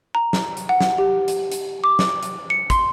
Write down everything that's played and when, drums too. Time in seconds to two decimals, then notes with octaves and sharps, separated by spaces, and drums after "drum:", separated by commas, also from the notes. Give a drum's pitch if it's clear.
0.15 A#5
0.33 drum: snare
0.57 drum: hi-hat
0.69 F#5
0.81 drum: snare
0.98 G4
1.28 drum: hi-hat
1.52 drum: hi-hat
1.84 D6
1.99 drum: snare
2.23 drum: hi-hat
2.50 C#7
2.70 C6, drum: kick, hi-hat